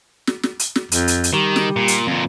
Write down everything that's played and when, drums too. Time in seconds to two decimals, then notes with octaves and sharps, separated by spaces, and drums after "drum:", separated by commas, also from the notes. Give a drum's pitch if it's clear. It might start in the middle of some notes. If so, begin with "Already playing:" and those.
0.27 drum: snare
0.43 drum: snare
0.59 drum: hi-hat
0.76 drum: snare
0.92 F2, drum: hi-hat
1.08 drum: hi-hat
1.24 drum: hi-hat
1.33 D#3 G3
1.56 drum: snare
1.76 A#2
1.88 drum: hi-hat
2.07 F2 A#2